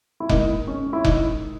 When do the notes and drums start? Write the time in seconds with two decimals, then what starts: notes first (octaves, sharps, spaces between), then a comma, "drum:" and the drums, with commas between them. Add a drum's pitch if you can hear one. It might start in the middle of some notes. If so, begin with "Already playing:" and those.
0.20 E4
0.29 G#2 D#3 A#3 D#4, drum: kick F1
0.68 C#4
0.93 E4
1.04 D#4, drum: kick F1